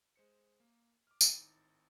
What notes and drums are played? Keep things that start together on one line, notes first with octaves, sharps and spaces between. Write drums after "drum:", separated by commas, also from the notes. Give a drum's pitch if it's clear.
G#3 C5 C#7
A#3
D6 F6
G#1 A2 D#4 G5 A6, drum: tambourine